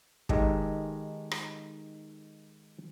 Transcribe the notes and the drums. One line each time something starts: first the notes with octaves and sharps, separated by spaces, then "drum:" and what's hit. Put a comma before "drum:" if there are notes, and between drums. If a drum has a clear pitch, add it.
D#3 G#3 D#4 G4 A4, drum: kick
drum: rim click